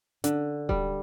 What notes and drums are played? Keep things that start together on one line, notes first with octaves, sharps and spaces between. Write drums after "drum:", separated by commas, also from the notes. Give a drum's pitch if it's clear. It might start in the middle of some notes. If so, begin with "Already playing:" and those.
D3, drum: hi-hat
G3, drum: kick D#1